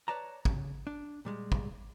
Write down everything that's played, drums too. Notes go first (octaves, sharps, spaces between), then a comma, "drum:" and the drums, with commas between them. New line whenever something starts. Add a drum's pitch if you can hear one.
B4 C#5 D5 A5 A#5
C#3, drum: kick
D4
A#2 G3 G#3
drum: kick